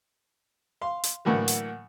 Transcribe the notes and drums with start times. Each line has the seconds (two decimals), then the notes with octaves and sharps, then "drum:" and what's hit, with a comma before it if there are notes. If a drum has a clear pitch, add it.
0.81 F5 C6
1.04 drum: hi-hat
1.25 A2 D3 E3 F#3 A#3
1.48 drum: hi-hat